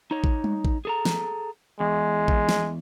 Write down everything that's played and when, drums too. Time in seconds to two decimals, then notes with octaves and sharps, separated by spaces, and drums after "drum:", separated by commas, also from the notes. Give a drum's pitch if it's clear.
0.11 D#4 C#5
0.24 drum: kick A1
0.44 drum: tom G3
0.65 drum: kick A1
0.85 G#4 A4 A#5
1.05 drum: snare
1.80 E2 G#3
2.28 drum: kick A1
2.49 drum: snare